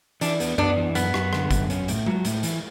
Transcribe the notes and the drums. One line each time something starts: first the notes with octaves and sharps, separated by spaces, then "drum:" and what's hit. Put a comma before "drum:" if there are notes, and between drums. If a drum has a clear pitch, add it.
E3 D4, drum: hi-hat
B3, drum: hi-hat
B3 D4, drum: tom F#2
E3
F#2 B3, drum: hi-hat
F#2, drum: rim click
D3, drum: rim click
F#2, drum: kick G1, hi-hat
C#4, drum: hi-hat
A2, drum: hi-hat
F#3, drum: tom G#3
A2, drum: hi-hat
E3, drum: hi-hat